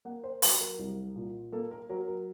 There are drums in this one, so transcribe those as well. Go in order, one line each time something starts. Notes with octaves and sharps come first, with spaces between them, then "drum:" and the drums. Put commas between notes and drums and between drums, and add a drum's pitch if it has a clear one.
A#3 F#5
C5
F#3 B4, drum: open hi-hat
A#4
C2
A#2
A#3 A4
A#4
F#3 A#4
A#4